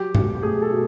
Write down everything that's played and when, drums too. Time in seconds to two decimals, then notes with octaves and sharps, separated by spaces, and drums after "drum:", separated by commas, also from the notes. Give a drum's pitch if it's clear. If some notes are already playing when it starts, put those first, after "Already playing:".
Already playing: F#3 G4
0.15 B2, drum: tom G2
0.35 G4
0.43 A3 G#4
0.62 A4
0.71 B2